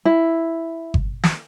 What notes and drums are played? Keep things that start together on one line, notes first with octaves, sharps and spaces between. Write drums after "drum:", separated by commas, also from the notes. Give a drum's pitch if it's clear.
E4
drum: kick G1
drum: snare